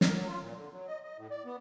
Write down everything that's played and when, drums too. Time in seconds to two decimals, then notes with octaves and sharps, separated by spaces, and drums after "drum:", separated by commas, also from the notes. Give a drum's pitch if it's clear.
0.01 A#4, drum: snare
0.15 F#3
0.28 F4
0.42 A#2
0.56 D3
0.73 F#3
0.88 D#5
1.04 D#5
1.17 A2
1.31 D5
1.45 B3